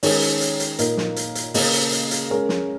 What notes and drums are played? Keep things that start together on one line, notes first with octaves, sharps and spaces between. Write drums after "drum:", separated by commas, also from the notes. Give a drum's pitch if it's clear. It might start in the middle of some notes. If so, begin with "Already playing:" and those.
D#3 G#3 C#4 A#4 C#5, drum: open hi-hat
drum: hi-hat
drum: hi-hat
drum: hi-hat
A#2 A#3 D#4 A#4, drum: hi-hat
drum: snare
drum: hi-hat
drum: hi-hat
C#3 A#3 C#4 A#4 D#5, drum: open hi-hat
drum: hi-hat
drum: hi-hat
drum: hi-hat
G#3 C#4 A#4
drum: snare